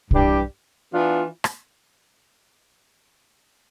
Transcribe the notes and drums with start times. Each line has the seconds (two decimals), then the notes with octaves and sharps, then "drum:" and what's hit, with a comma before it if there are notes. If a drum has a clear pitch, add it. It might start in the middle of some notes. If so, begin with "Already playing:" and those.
0.11 G2 E3 G3 D4 G4, drum: kick B1
0.93 E3 B3 D4 F4
1.44 drum: rim click